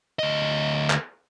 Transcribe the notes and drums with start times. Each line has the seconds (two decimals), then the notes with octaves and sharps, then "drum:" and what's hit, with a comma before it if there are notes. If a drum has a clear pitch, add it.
0.19 D2 D#5
0.90 drum: clap